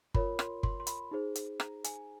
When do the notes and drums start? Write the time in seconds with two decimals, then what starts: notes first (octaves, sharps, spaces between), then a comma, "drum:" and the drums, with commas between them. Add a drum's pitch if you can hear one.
0.14 F4 A#4 C#5 B5, drum: kick G1
0.39 C6, drum: rim click
0.63 C6, drum: kick G1
0.80 C6
0.87 B5, drum: hi-hat
1.11 D#4 G#4 C5
1.35 drum: hi-hat
1.60 A#5, drum: rim click
1.84 G#5, drum: hi-hat